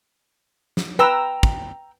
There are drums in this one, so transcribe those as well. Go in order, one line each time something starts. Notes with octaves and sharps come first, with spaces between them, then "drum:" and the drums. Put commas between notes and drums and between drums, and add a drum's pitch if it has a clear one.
drum: snare
B4 G5 A#5 E6
drum: kick